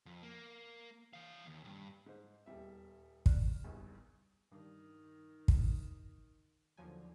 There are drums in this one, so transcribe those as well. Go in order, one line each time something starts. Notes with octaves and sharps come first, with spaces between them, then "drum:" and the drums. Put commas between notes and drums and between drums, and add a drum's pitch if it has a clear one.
F2
A#3
E3 F5
D#2
D2 G2
G#2 C5
D#1 E2 G3 E5
D5 F6 F#6, drum: kick
G#1 E2 G2
G2 D#3
drum: kick
D#2 D3 F3 F#3 G#5